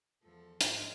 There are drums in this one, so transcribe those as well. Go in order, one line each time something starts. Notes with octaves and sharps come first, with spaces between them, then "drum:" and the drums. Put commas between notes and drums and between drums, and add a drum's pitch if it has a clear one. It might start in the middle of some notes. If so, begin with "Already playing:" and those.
E2 F3 A4
G#2 F3 G#3 G4 C5 F5 D7, drum: hi-hat